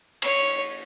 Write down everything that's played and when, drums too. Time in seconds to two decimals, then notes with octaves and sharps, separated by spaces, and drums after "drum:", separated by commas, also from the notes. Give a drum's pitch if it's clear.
0.22 C#5, drum: cymbal